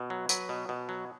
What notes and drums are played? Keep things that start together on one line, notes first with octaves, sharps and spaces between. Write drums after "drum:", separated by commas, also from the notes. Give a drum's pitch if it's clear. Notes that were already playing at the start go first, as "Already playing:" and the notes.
Already playing: B2
F#3
F#3 B4, drum: tambourine
B2
B2
F#3